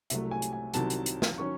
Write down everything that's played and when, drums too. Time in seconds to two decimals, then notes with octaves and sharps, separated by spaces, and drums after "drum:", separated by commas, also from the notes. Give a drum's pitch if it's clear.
0.10 C2 C3 F#3 A3 E5, drum: hi-hat
0.31 G#5
0.42 drum: hi-hat
0.53 G#5
0.74 C2 C3 D#3 F#3 C4 A5, drum: hi-hat
0.90 drum: hi-hat
1.06 drum: hi-hat
1.22 drum: snare
1.38 D#3 F#3 C#4 C#6